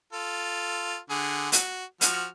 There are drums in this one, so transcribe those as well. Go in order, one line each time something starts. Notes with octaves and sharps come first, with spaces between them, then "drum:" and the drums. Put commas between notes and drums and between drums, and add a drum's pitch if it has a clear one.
F4 A4
D3 G#4 F#5
F#4, drum: hi-hat
F3 F#4 F6, drum: hi-hat